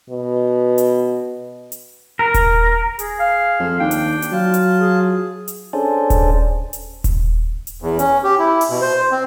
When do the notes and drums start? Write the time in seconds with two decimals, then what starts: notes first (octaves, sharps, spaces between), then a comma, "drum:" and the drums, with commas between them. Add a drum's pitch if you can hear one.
0.10 B2
0.78 drum: hi-hat
1.72 drum: hi-hat
2.19 A#4
2.34 drum: kick D#1, hi-hat
2.99 G#4, drum: hi-hat
3.19 F5
3.60 F2
3.80 D#2 D4 G5
3.91 drum: hi-hat
4.22 drum: hi-hat
4.32 F#3 F4 A5
4.54 drum: hi-hat
4.79 G#4
5.48 drum: hi-hat
5.73 C#4 D4 G#4 A4 C5 D5
6.10 drum: kick D#1, hi-hat
6.73 drum: hi-hat
7.04 drum: kick D#1, hi-hat
7.67 drum: hi-hat
7.82 E2
7.99 C#4, drum: hi-hat
8.24 G4
8.39 E4
8.61 drum: open hi-hat
8.70 B2
8.82 C5
9.11 C4